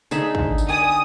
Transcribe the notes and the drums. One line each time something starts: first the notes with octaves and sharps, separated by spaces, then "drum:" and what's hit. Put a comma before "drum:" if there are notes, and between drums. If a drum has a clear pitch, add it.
D3 D#4 G#4 E5, drum: tambourine
drum: kick
drum: tambourine
G4 D5 G#5 D#6